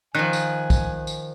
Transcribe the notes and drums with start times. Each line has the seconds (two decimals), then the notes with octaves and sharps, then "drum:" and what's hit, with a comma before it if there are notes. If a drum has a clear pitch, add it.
0.15 D#3 F3 G#5 F#6
0.33 drum: tambourine
0.70 drum: kick, tambourine
1.07 drum: tambourine